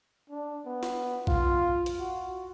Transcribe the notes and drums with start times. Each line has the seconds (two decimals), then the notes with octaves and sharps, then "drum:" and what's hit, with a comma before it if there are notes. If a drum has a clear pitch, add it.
0.30 D4
0.66 B3
0.83 drum: snare
1.27 F4, drum: kick A#1
1.86 drum: hi-hat
1.99 F#4